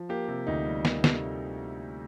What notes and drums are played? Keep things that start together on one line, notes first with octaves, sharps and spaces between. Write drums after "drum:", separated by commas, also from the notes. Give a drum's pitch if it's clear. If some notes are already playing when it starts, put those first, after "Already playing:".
Already playing: F3
A#3 G4
C3
D2 D#4
G3
A#3, drum: snare
C3, drum: snare